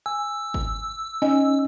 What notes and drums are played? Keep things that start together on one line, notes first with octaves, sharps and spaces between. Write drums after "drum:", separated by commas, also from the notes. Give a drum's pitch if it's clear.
G#5 E6
drum: kick G#1
C#4 D#4 D#5 G#5